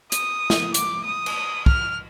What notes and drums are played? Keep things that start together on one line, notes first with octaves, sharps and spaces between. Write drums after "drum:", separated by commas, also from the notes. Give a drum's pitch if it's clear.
D#6, drum: hi-hat
drum: snare
D6, drum: hi-hat
D#6
drum: cymbal
F6, drum: kick